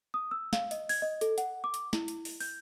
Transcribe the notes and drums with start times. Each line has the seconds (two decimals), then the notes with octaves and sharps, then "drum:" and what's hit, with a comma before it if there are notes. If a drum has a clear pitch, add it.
0.14 D#6
0.31 E6
0.53 F5, drum: snare
0.71 D#5, drum: hi-hat
0.89 G#6, drum: open hi-hat
1.02 D#5
1.21 A4, drum: hi-hat
1.38 F#5, drum: hi-hat
1.64 D6
1.74 drum: hi-hat
1.93 E4, drum: snare
2.08 drum: hi-hat
2.25 drum: open hi-hat
2.40 G6, drum: open hi-hat